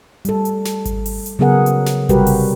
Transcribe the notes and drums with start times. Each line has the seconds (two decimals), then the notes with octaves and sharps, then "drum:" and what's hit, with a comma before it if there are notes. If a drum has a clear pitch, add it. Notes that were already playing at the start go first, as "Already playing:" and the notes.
0.25 G3 A4, drum: hi-hat
0.45 drum: hi-hat
0.65 drum: snare
0.85 drum: kick G#1, hi-hat
1.06 drum: open hi-hat
1.26 drum: hi-hat
1.39 C#3 F#3 B3 G#4 A#4 F#5
1.66 drum: hi-hat
1.86 drum: snare
2.09 C3 G3 F#4 G4 A#4 B4, drum: kick G#1, hi-hat
2.27 drum: open hi-hat